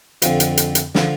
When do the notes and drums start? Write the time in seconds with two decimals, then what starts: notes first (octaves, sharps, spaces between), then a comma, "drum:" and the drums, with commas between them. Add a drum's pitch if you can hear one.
0.22 F2 D3 F3, drum: hi-hat
0.40 drum: hi-hat
0.57 drum: hi-hat
0.75 drum: hi-hat
0.95 D3 F3, drum: snare